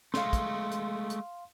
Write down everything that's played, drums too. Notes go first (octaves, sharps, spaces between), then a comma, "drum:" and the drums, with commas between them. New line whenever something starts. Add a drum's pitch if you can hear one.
G#3 A3 F5 C6, drum: snare
drum: kick, hi-hat
drum: hi-hat
drum: hi-hat